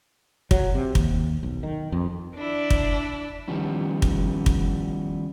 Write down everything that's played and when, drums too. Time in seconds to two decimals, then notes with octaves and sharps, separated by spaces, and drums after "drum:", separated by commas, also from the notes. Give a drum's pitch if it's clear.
0.51 F#3, drum: kick
0.75 C3
0.95 D#2, drum: kick
1.43 B1
1.63 D#3
1.92 F2
2.35 D4 E4 D5
2.70 drum: kick
3.48 D#3 F3 G3 B3 C#4 E4
4.02 drum: kick
4.46 drum: kick